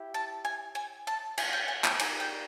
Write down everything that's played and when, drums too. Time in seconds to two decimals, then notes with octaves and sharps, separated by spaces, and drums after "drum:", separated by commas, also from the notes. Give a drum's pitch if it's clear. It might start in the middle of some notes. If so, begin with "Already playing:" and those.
Already playing: E4 G4
0.14 A5
0.45 G#5
0.75 G#5
1.07 A5
1.38 G#5, drum: cymbal
1.53 G5
1.68 G#5
1.84 G5, drum: clap
1.99 A#3 D#4 G4 G#5, drum: cymbal
2.20 G5